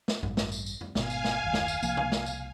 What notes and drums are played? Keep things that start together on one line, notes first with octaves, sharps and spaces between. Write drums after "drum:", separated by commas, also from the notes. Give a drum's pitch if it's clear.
drum: snare
A1 G2, drum: tom F2
drum: snare
drum: tambourine
drum: tambourine
drum: tom F2
G#1 B2 F5 G#5, drum: snare
drum: tambourine
drum: snare
F#1 D#2
drum: snare
drum: tambourine
C2 F3 A#3, drum: tambourine
drum: tom
drum: snare
drum: tambourine